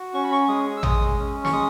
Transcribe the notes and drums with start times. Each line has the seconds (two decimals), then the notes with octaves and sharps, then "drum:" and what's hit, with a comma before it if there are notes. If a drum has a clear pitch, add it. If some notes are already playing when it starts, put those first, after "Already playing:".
Already playing: F#4
0.14 C#4 C#6
0.24 B5
0.32 C#6
0.48 G#3 D#6
0.77 E6
0.83 G#3 D#6, drum: tom
1.19 C#4
1.45 C#6, drum: snare
1.53 G#3 D#6